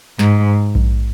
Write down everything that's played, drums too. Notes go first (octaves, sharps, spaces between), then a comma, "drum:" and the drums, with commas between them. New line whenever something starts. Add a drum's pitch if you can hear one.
G#2, drum: snare
drum: kick A#1